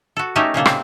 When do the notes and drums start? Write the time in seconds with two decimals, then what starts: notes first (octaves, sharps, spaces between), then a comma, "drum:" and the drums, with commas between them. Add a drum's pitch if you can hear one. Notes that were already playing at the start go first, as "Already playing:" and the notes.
0.17 F#4 A4
0.36 A3 C#4 D#4 G4 A4 A#4
0.54 A#2 C#3 A#3 A4
0.66 C4, drum: rim click